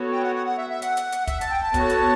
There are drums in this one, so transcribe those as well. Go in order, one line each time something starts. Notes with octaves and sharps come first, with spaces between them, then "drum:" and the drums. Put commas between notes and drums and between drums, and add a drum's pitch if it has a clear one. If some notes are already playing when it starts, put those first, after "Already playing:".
Already playing: B3 F#4 A4 C#5
G5
F#5
F#5
F#5
E5
E5
F#5, drum: hi-hat
drum: hi-hat
drum: hi-hat
E5, drum: kick, hi-hat
A5, drum: hi-hat
G5
A5
B3 F#4 A4 C#5, drum: kick, hi-hat
drum: hi-hat